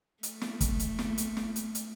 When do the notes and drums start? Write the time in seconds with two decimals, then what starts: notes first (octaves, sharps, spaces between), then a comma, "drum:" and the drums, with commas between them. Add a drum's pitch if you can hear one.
0.23 A3, drum: hi-hat
0.41 drum: snare
0.61 drum: kick, hi-hat
0.80 drum: hi-hat
0.99 drum: snare
1.18 drum: hi-hat
1.37 drum: snare
1.56 drum: hi-hat
1.75 drum: hi-hat